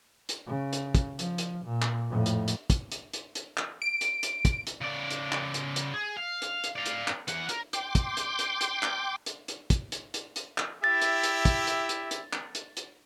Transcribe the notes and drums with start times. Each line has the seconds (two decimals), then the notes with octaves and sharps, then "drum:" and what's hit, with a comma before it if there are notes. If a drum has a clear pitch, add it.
0.29 drum: hi-hat
0.47 C#3
0.73 drum: hi-hat
0.95 drum: kick, hi-hat
1.19 F3, drum: hi-hat
1.38 drum: hi-hat
1.66 A#2
1.82 drum: clap
2.10 F2 A2
2.26 drum: hi-hat
2.48 drum: hi-hat
2.70 drum: kick, hi-hat
2.92 drum: hi-hat
3.13 drum: hi-hat
3.35 drum: hi-hat
3.57 drum: clap
3.82 D7
4.01 drum: hi-hat
4.23 drum: hi-hat
4.45 drum: kick, hi-hat
4.67 drum: hi-hat
4.81 C#3 D5
5.10 drum: hi-hat
5.32 drum: clap
5.54 drum: hi-hat
5.76 drum: hi-hat
5.94 G#4
6.17 F5
6.42 drum: hi-hat
6.64 drum: hi-hat
6.76 D5 F5
6.86 drum: hi-hat
7.07 drum: clap
7.28 E2 F#5, drum: hi-hat
7.49 A#4, drum: hi-hat
7.73 G5 C6 D6, drum: hi-hat
7.95 drum: kick, hi-hat
8.17 drum: hi-hat
8.39 drum: hi-hat
8.61 drum: hi-hat
8.83 drum: clap
9.26 drum: hi-hat
9.48 drum: hi-hat
9.70 drum: kick, hi-hat
9.92 drum: hi-hat
10.14 drum: hi-hat
10.36 drum: hi-hat
10.58 drum: clap
10.84 E4 G4 E5 A6
11.02 drum: hi-hat
11.23 drum: hi-hat
11.45 drum: kick, hi-hat
11.67 drum: hi-hat
11.89 drum: hi-hat
12.11 drum: hi-hat
12.33 drum: clap
12.55 drum: hi-hat
12.77 drum: hi-hat